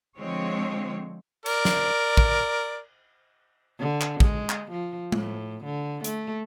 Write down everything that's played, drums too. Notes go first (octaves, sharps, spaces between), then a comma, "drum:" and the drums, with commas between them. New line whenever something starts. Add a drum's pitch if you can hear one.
D3 F3 G#3 C4 C#5
A#4 D5, drum: cymbal
drum: snare
drum: kick
D3
drum: clap
G#3, drum: kick
drum: clap
F3
A2, drum: tom G#3
D3
A3, drum: hi-hat